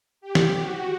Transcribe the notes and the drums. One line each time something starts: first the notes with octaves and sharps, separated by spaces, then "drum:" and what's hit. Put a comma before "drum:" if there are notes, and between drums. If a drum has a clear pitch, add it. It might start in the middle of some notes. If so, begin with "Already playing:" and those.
G4
drum: snare
F#4